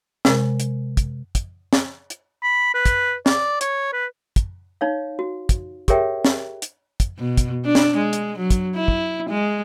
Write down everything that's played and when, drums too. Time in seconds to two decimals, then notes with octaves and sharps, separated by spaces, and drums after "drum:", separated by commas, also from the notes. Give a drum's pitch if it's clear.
0.25 C3 G#3 A#4, drum: snare
0.60 drum: hi-hat
0.97 drum: kick, hi-hat
1.35 drum: kick, hi-hat
1.73 drum: snare
2.10 drum: hi-hat
2.43 B5
2.74 B4
2.86 drum: kick, hi-hat
3.26 D5, drum: snare
3.61 C#5, drum: hi-hat
3.93 B4
4.36 drum: kick, hi-hat
4.81 D#4 C#5 F5
5.19 F#4
5.49 drum: kick, hi-hat
5.88 G4 G#4 A#4 C#5 E5 G5, drum: kick, hi-hat
6.25 drum: snare
6.62 drum: hi-hat
7.00 drum: kick, hi-hat
7.18 B2
7.38 drum: kick, hi-hat
7.65 D4
7.75 drum: snare
7.97 G#3
8.13 drum: hi-hat
8.38 F#3
8.50 drum: kick, hi-hat
8.76 E4
8.88 drum: kick
9.30 G#3